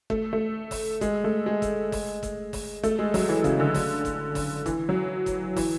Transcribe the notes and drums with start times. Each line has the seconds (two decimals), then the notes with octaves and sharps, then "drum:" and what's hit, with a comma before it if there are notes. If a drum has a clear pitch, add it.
0.10 A3, drum: kick
0.33 A3
0.71 drum: kick, open hi-hat
1.01 G#3, drum: kick, hi-hat
1.24 A3
1.46 G#3
1.62 drum: kick, hi-hat
1.92 drum: kick, open hi-hat
2.23 drum: kick, hi-hat
2.53 drum: kick, open hi-hat
2.84 A3, drum: kick, hi-hat
2.99 G#3
3.14 F#3, drum: kick, open hi-hat
3.29 E3
3.44 C#3, drum: kick, hi-hat
3.60 D3
3.75 drum: kick, open hi-hat
4.05 drum: kick, hi-hat
4.35 drum: kick, open hi-hat
4.66 E3, drum: kick, hi-hat
4.89 F#3
5.26 drum: kick, hi-hat
5.57 E3, drum: kick, open hi-hat